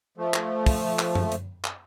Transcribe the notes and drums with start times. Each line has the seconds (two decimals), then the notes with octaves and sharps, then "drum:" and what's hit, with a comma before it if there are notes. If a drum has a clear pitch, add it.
0.18 F3 A3
0.34 drum: clap
0.66 drum: kick, open hi-hat
0.99 drum: clap
1.15 drum: tom F#2
1.32 drum: hi-hat
1.64 drum: clap